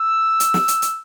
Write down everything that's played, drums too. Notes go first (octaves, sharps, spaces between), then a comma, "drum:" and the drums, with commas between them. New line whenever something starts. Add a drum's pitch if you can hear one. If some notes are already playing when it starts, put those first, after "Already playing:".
Already playing: E6
drum: hi-hat
drum: snare
drum: hi-hat
drum: hi-hat